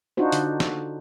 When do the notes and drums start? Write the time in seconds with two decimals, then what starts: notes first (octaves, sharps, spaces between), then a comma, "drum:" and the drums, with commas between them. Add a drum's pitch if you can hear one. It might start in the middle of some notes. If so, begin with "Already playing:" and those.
0.17 D4 D#4 F4 F#4 C5
0.32 D3, drum: hi-hat
0.60 drum: snare